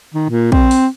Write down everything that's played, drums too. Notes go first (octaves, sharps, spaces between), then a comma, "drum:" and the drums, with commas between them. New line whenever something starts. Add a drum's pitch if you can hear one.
D#3
A#2
C4, drum: kick
drum: open hi-hat